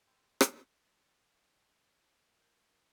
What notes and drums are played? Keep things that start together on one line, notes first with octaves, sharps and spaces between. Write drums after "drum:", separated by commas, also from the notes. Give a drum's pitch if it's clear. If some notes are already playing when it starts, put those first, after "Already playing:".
G5 B5 C6 E6 G6
drum: rim click
A#4 G6 C7